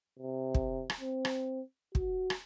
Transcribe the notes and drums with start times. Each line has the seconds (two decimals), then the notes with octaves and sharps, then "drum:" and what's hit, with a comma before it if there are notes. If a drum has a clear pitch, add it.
0.19 C3
0.54 drum: kick
0.90 drum: rim click
1.01 C4
1.25 drum: rim click
1.95 F#4, drum: kick
2.30 drum: rim click